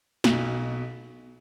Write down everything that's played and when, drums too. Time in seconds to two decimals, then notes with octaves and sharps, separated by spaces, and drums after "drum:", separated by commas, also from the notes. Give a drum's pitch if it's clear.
0.24 B1 B2, drum: snare